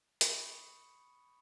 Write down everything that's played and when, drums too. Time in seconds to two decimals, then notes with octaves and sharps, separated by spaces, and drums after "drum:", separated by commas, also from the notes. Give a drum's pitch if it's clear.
0.21 B5 C#6 D#6 C#7, drum: hi-hat